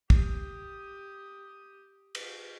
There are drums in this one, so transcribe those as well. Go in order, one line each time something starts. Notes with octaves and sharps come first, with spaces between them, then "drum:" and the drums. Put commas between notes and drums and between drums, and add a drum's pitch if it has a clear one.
G4 D#6, drum: kick
drum: cymbal